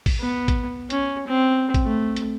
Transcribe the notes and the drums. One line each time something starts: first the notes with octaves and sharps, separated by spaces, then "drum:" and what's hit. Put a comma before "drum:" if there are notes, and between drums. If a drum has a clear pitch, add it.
drum: kick A1, open hi-hat
B3
drum: kick A1, hi-hat
C#4, drum: hi-hat
C4
drum: kick A1, hi-hat
A3
drum: hi-hat